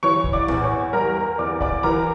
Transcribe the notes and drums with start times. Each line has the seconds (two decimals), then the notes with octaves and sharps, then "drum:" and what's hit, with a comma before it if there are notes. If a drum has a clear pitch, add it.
0.03 E3 C#5 C#6
0.24 drum: kick B1
0.33 D5 D6
0.48 E2, drum: tom A2
0.63 C#5 C#6
0.93 G3 A#4 A#5
1.16 A#4 A#5
1.38 E2 D5 D6
1.61 D5 D6, drum: kick B1
1.83 E3 A#4 A#5